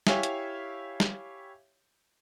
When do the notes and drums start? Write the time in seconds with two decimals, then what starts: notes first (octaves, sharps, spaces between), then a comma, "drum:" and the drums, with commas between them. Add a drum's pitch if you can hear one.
0.07 E4 G4 C#5 E5 F5 G#5, drum: snare
0.23 drum: hi-hat
1.00 drum: snare